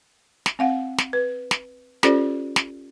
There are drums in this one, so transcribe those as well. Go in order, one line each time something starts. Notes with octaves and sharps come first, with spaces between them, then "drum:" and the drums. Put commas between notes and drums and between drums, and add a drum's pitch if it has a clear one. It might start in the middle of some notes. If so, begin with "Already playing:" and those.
drum: snare
C4 F5 F#5
drum: snare
B4
drum: snare
C#4 F4 G4 A4 C5 D5, drum: snare
drum: snare